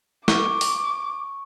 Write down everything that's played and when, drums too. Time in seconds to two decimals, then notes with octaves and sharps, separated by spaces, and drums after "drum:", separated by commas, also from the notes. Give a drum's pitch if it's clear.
0.28 C#6 D6, drum: snare
0.61 drum: open hi-hat